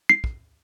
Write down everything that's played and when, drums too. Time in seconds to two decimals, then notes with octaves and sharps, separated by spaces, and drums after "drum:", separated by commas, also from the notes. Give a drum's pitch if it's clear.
0.09 C7
0.24 drum: kick